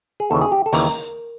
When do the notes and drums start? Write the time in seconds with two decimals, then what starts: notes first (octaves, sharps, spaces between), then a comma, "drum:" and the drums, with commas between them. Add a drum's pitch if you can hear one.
0.20 G#4
0.31 D#2 C#3 E3 A4
0.41 G#4
0.52 G4
0.66 A4
0.73 D#2 C#3 E3 A#4, drum: open hi-hat